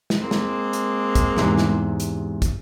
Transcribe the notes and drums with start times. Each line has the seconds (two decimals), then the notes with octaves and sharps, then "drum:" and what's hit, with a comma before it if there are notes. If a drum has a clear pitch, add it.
0.10 drum: snare
0.22 G#3 A#3 C4
0.31 drum: snare
0.73 drum: hi-hat
1.15 drum: kick, hi-hat
1.37 E2 G#2 C3, drum: snare
1.58 drum: snare
2.00 drum: hi-hat
2.42 drum: kick, hi-hat